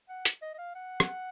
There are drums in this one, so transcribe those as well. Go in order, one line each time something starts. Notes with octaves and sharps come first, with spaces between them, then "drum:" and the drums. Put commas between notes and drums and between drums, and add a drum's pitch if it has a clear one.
F#5
drum: hi-hat
D#5
D#5
F5
F#5
drum: rim click